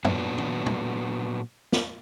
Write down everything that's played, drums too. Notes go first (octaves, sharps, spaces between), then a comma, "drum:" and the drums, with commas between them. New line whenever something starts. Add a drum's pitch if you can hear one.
A#2 F#3 B3 D4, drum: tom
drum: tom D#3
drum: tom
drum: snare